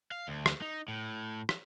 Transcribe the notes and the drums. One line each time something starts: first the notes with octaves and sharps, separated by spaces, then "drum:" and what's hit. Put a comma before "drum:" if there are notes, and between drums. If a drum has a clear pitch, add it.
F5
D2
drum: rim click
D#4
A2
drum: rim click